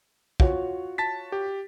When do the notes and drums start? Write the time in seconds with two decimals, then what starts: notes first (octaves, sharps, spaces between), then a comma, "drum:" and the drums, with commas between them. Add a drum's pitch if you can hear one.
0.40 F4 F#4 C#5, drum: kick
0.98 A5 A6 B6
1.32 G4